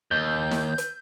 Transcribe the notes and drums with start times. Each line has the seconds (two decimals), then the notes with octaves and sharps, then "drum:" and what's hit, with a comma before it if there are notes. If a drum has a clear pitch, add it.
0.11 D#2 G6
0.51 drum: snare
0.78 drum: hi-hat